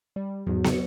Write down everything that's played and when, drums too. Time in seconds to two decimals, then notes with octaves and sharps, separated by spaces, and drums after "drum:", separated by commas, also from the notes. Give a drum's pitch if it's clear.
0.16 G3
0.47 E2 G#2 F#3
0.64 C#7, drum: snare